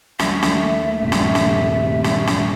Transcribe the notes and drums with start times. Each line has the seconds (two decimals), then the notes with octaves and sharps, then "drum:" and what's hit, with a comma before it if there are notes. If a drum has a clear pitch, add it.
0.19 D#2 A3 E5, drum: snare
0.43 drum: snare
1.02 D#1 G2 C3
1.12 drum: snare
1.35 drum: snare
2.04 drum: snare
2.27 drum: snare